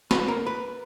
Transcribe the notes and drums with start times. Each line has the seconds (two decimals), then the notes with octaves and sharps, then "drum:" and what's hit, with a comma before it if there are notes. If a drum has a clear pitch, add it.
0.11 B4, drum: snare
0.28 A#4
0.47 B4